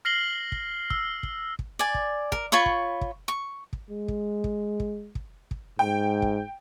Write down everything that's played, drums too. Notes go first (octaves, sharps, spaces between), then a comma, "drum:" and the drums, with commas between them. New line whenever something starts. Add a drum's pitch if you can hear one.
F6 A#6 C7 F#7 G7
drum: kick
E6, drum: kick
drum: kick
drum: kick
D5 G#5
drum: kick
A#4, drum: kick
F4 C#5 B5 C#6
drum: kick
drum: kick
C#6
drum: kick
G#3
drum: kick
drum: kick
drum: kick
drum: kick
drum: kick
G#2 G5
drum: kick